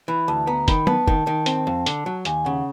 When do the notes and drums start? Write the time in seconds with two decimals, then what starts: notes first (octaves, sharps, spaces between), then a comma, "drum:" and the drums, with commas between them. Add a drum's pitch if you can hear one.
0.08 E3 B5
0.28 D2 A5
0.47 B3 A#5
0.68 D#3 B5, drum: kick, hi-hat
0.87 B3 A5, drum: tom
1.07 D#3, drum: kick
1.27 D#3
1.46 C4, drum: hi-hat
1.67 F2
1.86 D3, drum: hi-hat
2.06 F#3
2.25 D#2 G#5, drum: hi-hat
2.45 C#3 F#5